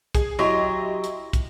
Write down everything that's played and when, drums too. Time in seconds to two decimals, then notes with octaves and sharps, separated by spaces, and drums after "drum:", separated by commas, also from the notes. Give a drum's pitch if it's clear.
0.15 G#4, drum: kick, hi-hat
0.39 F#3 E4 G4 D#5 C6
1.04 drum: hi-hat
1.33 drum: kick, hi-hat